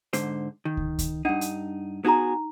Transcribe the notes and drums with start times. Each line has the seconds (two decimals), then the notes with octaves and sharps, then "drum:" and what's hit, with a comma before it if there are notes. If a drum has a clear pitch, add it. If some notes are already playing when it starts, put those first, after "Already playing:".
0.13 G#2 D3 C5, drum: hi-hat
0.65 D#3
0.77 drum: kick
0.99 drum: kick, hi-hat
1.25 G2 D4 D#4 F#5
1.41 drum: hi-hat
2.05 B3 D#4 F#4 G#4 A#5